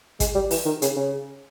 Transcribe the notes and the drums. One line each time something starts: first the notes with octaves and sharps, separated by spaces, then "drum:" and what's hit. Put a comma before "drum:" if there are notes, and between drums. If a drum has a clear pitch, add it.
G#3, drum: kick G#1, hi-hat
G3
E3, drum: open hi-hat
D#3
C#3, drum: hi-hat
C#3